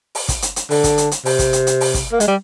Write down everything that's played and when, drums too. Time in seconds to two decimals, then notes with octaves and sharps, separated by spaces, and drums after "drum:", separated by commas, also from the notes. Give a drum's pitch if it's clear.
0.15 drum: open hi-hat
0.29 drum: kick, hi-hat
0.42 drum: hi-hat
0.56 drum: hi-hat
0.70 D3, drum: open hi-hat
0.84 drum: kick, hi-hat
0.98 drum: hi-hat
1.11 drum: hi-hat
1.25 C3, drum: open hi-hat
1.39 drum: kick, hi-hat
1.53 drum: hi-hat
1.67 drum: hi-hat
1.81 drum: open hi-hat
1.94 drum: kick, hi-hat
2.12 A#3
2.20 G#3, drum: hi-hat
2.28 G3